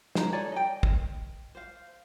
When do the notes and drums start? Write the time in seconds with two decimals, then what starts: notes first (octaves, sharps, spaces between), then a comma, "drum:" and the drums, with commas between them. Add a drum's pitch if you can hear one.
0.15 C5 A#5, drum: snare
0.33 A4 C#5 D5 G#5
0.52 D#5 G5
0.83 drum: kick
1.55 C5 F5